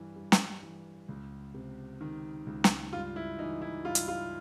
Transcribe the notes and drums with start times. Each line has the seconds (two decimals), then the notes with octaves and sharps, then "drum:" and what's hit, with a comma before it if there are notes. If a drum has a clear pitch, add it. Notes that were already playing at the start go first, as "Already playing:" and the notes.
Already playing: G2 E3
0.16 G2
0.32 drum: snare
0.63 E3
1.09 C#2
1.54 C3
2.01 D#3
2.47 C#2
2.64 drum: snare
2.93 G2 F4
3.16 E4
3.39 E3 D#4
3.62 E4
3.85 G2 F4
3.95 drum: hi-hat
4.08 F4